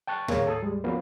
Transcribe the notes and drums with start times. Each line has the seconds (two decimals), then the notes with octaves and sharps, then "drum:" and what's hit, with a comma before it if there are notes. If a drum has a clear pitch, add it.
0.07 G5 A5 C#6 F#6
0.28 D#2 A#3 G#4 A#4 C#5 G#6, drum: tom
0.47 A4 A5 D#6
0.62 G3 G#3
0.84 F3 A#3 B3 C#4 F#4 B4